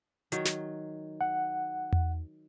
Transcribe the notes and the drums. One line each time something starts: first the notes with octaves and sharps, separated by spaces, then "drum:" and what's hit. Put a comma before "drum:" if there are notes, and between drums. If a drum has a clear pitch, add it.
D#3 F#3, drum: hi-hat
drum: snare
F#5
drum: tom E2